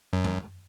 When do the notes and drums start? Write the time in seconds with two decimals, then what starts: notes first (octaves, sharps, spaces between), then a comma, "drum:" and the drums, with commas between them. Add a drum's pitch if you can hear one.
0.13 F#2
0.25 drum: tom F#2